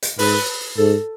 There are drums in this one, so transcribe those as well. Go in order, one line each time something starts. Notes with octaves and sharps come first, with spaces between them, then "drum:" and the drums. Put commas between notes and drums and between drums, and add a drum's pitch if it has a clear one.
drum: hi-hat
G#2 B4, drum: open hi-hat
G#2 A4